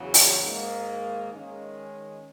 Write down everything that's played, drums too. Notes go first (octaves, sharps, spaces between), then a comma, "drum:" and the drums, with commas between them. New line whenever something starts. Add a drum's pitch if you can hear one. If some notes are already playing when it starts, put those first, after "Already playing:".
Already playing: E2 C#3 F#3
drum: open hi-hat
G#2 D#3 A#3
D#3 G#3 C#4